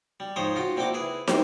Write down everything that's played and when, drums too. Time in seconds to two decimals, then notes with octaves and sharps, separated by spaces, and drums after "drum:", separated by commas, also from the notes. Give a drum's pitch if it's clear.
0.20 G3
0.36 G#2 F3 C5 C#5 G5 D#6
0.56 F4 F#4 G5
0.76 A#2 C4 E4 F#4 G5 D6
0.94 E4 G#4 B4
1.28 C4 E4 C5, drum: snare